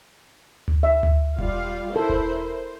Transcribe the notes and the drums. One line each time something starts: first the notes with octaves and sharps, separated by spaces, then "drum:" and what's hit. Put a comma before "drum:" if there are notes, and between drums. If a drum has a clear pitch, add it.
drum: tom D2
E5
drum: tom D2
G3 F4 F5, drum: kick E1
E4 A4 A#4 C5
drum: kick E1
C5